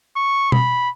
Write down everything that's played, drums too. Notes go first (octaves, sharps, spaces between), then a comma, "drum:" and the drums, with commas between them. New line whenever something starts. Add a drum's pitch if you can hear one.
C#6
B5, drum: tom B2